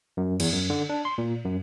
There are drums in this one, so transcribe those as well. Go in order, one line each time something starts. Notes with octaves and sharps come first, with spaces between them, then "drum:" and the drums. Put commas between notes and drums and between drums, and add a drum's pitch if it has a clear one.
F#2
E2, drum: cymbal
F#2
D3
D4
C6
A#2
F#2